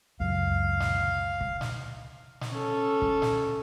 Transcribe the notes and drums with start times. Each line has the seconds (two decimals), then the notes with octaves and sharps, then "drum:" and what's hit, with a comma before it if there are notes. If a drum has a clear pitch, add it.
0.20 C#2 F#2 F5
0.80 drum: snare
1.41 drum: kick
1.61 drum: snare
2.41 drum: snare
2.52 C#4 A4
3.02 drum: kick
3.22 drum: snare